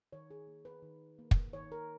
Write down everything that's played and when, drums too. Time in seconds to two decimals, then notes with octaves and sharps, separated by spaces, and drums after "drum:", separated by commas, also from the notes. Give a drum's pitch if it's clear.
0.13 D#3 C#5
0.31 G#4
0.47 A#3
0.65 B4
0.82 D#3
1.19 A#3
1.31 drum: kick
1.53 D#3 C#5
1.72 A#4